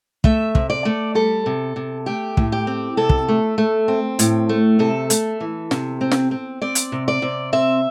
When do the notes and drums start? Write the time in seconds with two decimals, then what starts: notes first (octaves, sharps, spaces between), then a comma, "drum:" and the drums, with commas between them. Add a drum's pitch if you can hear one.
0.24 A3 E5, drum: kick
0.55 C3, drum: kick
0.70 D5
0.85 A3
1.15 G3 A4
1.46 C3
1.76 C3
2.06 A3 G4
2.37 A2, drum: kick
2.52 G4
2.67 C4
2.97 C3 A4
3.09 drum: kick
3.28 A3
3.58 A3
3.88 C4
4.19 A2, drum: hi-hat
4.49 A3
4.79 C3 A4
5.10 A3, drum: hi-hat
5.41 E3
5.71 C3, drum: snare
6.01 C4
6.11 drum: snare
6.31 C4
6.62 C4 D5
6.75 drum: hi-hat
6.92 C3
7.08 D5
7.22 C3
7.53 C4 E5